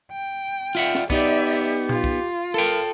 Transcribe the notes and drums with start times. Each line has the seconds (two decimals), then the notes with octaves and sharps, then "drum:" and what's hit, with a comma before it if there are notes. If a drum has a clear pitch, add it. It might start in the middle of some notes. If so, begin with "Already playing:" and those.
0.12 G5
0.75 F4 D5 E5 F#5
0.95 drum: snare
1.10 B3 D#4 G4 D5 E5, drum: kick C2
1.47 drum: open hi-hat
1.89 F4, drum: tom A#2
2.04 drum: kick C2
2.54 A4 A#4 G5